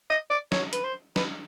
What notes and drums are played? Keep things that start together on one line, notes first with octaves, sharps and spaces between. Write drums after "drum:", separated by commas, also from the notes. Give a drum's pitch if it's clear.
D#5
D5
C#5, drum: snare
B4, drum: hi-hat
C5
B4, drum: snare